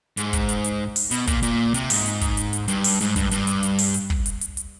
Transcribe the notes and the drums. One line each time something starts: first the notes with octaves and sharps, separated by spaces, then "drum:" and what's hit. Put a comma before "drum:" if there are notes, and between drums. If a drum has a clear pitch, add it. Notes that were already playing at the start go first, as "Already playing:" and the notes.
G#2, drum: hi-hat
drum: kick, hi-hat
drum: hi-hat
drum: hi-hat
drum: open hi-hat
B2, drum: hi-hat
A#2, drum: kick, hi-hat
A#2, drum: hi-hat
C3, drum: hi-hat
G#2, drum: open hi-hat
drum: hi-hat
drum: kick, hi-hat
drum: hi-hat
drum: hi-hat
G2, drum: hi-hat
drum: open hi-hat
G#2, drum: hi-hat
G2, drum: kick, hi-hat
G2, drum: hi-hat
drum: hi-hat
drum: hi-hat
drum: open hi-hat
drum: hi-hat
drum: kick
drum: hi-hat
drum: hi-hat
drum: hi-hat